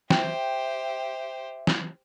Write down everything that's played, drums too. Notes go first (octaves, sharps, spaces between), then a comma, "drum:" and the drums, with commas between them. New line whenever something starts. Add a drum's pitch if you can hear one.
G4 C5 E5 G5, drum: snare
drum: snare